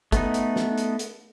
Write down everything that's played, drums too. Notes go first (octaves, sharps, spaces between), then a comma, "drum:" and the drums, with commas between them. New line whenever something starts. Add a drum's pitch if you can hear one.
A3 B3 D#4, drum: kick, hi-hat
drum: hi-hat
drum: snare
drum: hi-hat
drum: hi-hat